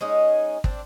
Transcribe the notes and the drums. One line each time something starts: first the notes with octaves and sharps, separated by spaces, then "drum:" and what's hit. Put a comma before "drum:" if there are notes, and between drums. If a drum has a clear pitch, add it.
G#3 C#4 D#4
C4 D4, drum: kick